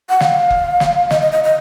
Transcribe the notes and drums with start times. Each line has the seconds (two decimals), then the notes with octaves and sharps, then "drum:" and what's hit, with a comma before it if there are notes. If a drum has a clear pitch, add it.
0.09 F#5
0.20 F5, drum: snare
0.50 drum: kick F#1
0.80 drum: snare
1.11 D#5, drum: snare
1.22 D#5
1.32 D#5
1.44 D#5